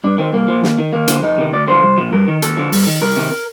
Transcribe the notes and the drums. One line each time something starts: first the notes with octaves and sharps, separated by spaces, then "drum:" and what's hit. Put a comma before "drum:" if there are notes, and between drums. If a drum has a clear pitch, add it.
G2 D4
D#3 C4
C2 A#3
A#2 F3
D#2, drum: snare
D#3
D#2 A#3
D3 F3, drum: hi-hat
F2 D#4
C3 D#3
D2 D5
D3 F3 C5
C2
A#2 F3
G2 A#4
D#3
D#2 A4, drum: hi-hat
D3 F3
G2, drum: open hi-hat
D#3
C2 A#4
C3 D#3